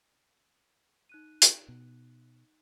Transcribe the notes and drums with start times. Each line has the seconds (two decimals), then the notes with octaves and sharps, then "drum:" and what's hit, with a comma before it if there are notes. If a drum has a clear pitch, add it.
1.09 D#4 F#6 D#7
1.42 drum: hi-hat
1.68 B2